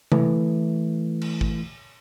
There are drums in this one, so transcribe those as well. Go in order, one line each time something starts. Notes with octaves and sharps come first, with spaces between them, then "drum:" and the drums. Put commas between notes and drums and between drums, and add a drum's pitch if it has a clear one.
E3 A3, drum: tom C3
drum: cymbal
drum: kick G#1